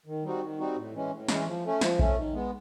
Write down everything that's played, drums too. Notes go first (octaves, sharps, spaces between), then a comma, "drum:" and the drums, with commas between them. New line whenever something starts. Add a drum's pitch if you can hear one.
D#3
G3 C4 D#4 F#4
D#3
G3 C4 D#4 F#4
A2
E3 G#3 C#4
A2
E3 G#3 C#4, drum: snare
F3
A3 C#4
F3, drum: snare
A3 C#4, drum: kick A#1
D#3
G#3 B3